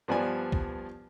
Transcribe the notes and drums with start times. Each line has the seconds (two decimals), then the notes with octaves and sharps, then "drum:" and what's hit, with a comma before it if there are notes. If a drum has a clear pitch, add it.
0.08 G2 F3 B3 D5 G#5
0.52 drum: kick